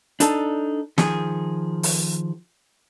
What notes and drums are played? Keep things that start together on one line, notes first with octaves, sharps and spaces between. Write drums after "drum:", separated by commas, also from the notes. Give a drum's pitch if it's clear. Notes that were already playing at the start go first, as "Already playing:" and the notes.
D4 D#4 A4, drum: hi-hat
D#3 F3 G#4, drum: snare
drum: open hi-hat